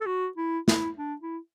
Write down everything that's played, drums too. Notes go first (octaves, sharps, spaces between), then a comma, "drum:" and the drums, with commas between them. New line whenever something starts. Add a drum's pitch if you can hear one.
A4
F#4
E4
E4, drum: snare
D4
E4